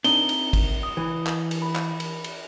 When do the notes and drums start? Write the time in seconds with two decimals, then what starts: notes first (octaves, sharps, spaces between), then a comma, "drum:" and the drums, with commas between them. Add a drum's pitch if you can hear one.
0.04 C4 D4 D#4 A#5 G7, drum: cymbal
0.29 drum: cymbal
0.53 drum: kick, cymbal
0.83 D#6
0.97 E3
1.27 drum: clap
1.51 drum: cymbal
1.62 B5
1.75 drum: clap
2.00 drum: cymbal
2.24 drum: cymbal